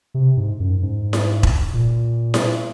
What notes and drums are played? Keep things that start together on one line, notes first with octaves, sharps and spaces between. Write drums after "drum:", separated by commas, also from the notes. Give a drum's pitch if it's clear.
C3
G#2
F#2
G#2
drum: snare E4
drum: kick E1
A#2
drum: snare E4